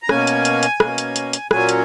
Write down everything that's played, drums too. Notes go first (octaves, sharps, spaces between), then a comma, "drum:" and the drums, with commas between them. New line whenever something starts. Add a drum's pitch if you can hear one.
A#5
B2 A#3 C#4 G#5, drum: rim click
drum: hi-hat
drum: hi-hat
drum: hi-hat
B2 A#3 C#4, drum: rim click
drum: hi-hat
drum: hi-hat
drum: hi-hat
A#2 F#3 C#4 G#5, drum: rim click
drum: hi-hat